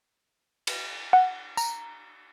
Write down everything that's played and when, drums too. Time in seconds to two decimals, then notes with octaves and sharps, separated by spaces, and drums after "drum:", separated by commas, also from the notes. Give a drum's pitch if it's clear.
0.67 drum: cymbal
1.13 F#5
1.57 A#5, drum: tambourine